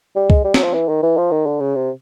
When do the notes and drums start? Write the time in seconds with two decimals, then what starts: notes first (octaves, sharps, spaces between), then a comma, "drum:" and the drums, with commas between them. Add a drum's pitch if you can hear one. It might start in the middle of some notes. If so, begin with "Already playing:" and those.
0.16 G3
0.30 G#3, drum: kick C#2
0.44 G3
0.54 F#3, drum: snare
0.63 F3
0.74 E3
0.88 D#3
1.03 E3
1.17 F3
1.31 D#3
1.46 D3
1.60 C#3
1.75 C3